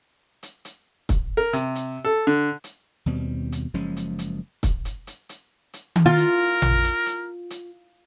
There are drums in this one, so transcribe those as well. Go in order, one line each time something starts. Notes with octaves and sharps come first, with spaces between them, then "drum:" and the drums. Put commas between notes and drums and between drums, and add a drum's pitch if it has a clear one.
drum: hi-hat
drum: hi-hat
drum: kick, hi-hat
A#4
C3, drum: hi-hat
drum: hi-hat
A4
D3
drum: hi-hat
D#2 B2 G3 C4
drum: hi-hat
F#1 F3 G#3 C#4
drum: hi-hat
drum: hi-hat
drum: kick, hi-hat
drum: hi-hat
drum: hi-hat
drum: hi-hat
drum: hi-hat
drum: tom D#3
F4 A#4
drum: hi-hat
drum: tom A1
drum: hi-hat
drum: hi-hat
drum: hi-hat